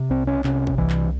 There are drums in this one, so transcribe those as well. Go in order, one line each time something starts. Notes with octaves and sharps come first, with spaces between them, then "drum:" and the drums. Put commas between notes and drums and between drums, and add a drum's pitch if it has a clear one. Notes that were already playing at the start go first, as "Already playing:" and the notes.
Already playing: C3
C2 C4
C#4
C3 C#4, drum: clap
drum: kick G#1
C2 E3
drum: clap